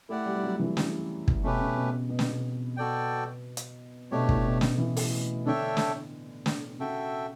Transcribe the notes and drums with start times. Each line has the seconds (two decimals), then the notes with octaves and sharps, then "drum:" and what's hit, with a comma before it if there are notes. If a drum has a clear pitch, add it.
0.09 A3 E4 G4 D5 F#5
0.26 G3
0.36 G3
0.43 F#3
0.59 E3
0.77 C#3, drum: snare
1.28 drum: kick
1.43 B2 A3 C#4 G4 B4
1.59 C#3
1.76 B2
2.10 B2
2.19 C#3, drum: snare
2.28 B2
2.77 F#4 A4 D5 G5
3.57 drum: hi-hat
4.11 B2 A3 D4 G4 C#5
4.29 A2, drum: kick
4.45 B2
4.61 C#3, drum: snare
4.78 E3
4.97 drum: open hi-hat
5.45 D3 D4 A4 C#5 E5 G5
5.77 drum: snare
6.46 drum: snare
6.79 C#3 F#4 A4 E5 G5